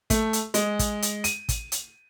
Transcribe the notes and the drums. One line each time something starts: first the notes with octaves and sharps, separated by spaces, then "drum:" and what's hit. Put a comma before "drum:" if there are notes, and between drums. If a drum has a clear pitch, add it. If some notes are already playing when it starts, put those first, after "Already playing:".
A3, drum: kick, hi-hat
drum: hi-hat
G#3, drum: hi-hat
drum: kick, hi-hat
drum: hi-hat
D#7, drum: hi-hat
drum: kick, hi-hat
drum: hi-hat